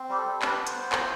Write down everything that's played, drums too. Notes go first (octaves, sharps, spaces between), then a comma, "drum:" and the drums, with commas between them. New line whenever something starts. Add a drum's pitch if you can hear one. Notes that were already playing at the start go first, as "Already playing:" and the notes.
Already playing: C4
G3 G4
A4
G3
D4 B4, drum: clap
B3
C5, drum: hi-hat
B3
E4, drum: clap